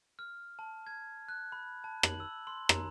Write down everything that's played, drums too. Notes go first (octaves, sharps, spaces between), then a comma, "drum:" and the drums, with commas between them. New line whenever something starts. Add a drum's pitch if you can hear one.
F6
A5
G#6
F#6
B5
A5
F#7, drum: rim click
E6
C6
A#5, drum: rim click